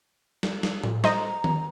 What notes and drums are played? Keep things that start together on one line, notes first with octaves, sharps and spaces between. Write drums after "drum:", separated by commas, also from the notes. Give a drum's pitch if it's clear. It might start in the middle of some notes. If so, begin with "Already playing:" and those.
drum: snare
drum: snare
drum: tom A2
C5 D#5 A#5, drum: snare
drum: tom D#3